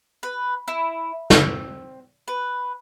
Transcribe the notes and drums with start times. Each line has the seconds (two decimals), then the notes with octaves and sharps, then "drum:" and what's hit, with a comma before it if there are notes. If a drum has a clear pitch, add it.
0.23 B4
0.68 E4
1.30 C4, drum: snare
2.28 B4